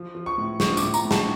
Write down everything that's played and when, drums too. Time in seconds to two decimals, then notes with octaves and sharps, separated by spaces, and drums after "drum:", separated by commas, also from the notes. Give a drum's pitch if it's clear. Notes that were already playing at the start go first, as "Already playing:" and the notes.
Already playing: F3
0.15 F3
0.26 C#6
0.38 A2
0.60 F3 C#6, drum: snare
0.77 D6, drum: tambourine
0.83 A2
0.94 A#5, drum: tambourine
1.05 A2
1.11 A5, drum: snare